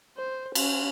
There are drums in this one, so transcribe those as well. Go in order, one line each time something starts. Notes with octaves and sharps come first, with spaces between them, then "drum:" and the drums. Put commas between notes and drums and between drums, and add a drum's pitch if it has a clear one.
C5
C#4, drum: cymbal